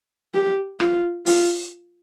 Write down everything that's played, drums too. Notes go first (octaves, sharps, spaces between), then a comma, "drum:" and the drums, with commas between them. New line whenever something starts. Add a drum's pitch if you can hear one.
G4
F4, drum: rim click
F4, drum: open hi-hat